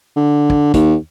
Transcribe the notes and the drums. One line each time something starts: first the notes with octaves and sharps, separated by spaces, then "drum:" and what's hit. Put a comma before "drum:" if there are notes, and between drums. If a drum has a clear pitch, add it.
D3
drum: kick
D#2, drum: kick, hi-hat